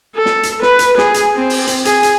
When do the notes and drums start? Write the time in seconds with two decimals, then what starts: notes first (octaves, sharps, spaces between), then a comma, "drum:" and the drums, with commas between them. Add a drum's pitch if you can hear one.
0.16 A4
0.26 drum: snare
0.43 drum: hi-hat
0.62 B4, drum: snare
0.79 drum: hi-hat
0.98 G#4, drum: snare
1.14 drum: hi-hat
1.35 C4
1.50 drum: open hi-hat
1.67 drum: hi-hat
1.85 G#4, drum: hi-hat
2.03 drum: hi-hat